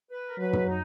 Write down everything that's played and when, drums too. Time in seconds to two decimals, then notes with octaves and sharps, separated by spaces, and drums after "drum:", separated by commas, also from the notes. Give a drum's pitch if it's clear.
0.10 B4
0.28 A#4
0.38 F#3 B4
0.53 drum: tom
0.67 D#4